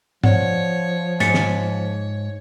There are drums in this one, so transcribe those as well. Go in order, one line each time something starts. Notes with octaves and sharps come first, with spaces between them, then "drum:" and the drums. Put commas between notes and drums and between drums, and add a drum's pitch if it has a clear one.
F3 C#5 D5 F#5, drum: tom
G#2 C#5 A6 B6 C#7, drum: hi-hat
drum: snare